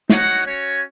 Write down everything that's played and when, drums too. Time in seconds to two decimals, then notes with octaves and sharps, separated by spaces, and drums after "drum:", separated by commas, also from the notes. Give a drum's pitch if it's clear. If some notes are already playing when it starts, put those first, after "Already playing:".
0.09 D#4 F#4 C#5 F#5, drum: snare
0.46 C#4 F#4 C#5